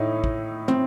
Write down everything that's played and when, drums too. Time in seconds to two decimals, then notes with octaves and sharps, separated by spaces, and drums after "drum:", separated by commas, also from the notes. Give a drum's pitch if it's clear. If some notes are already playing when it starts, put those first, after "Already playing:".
Already playing: A2 D#4 E4
0.24 drum: kick
0.68 C4, drum: tom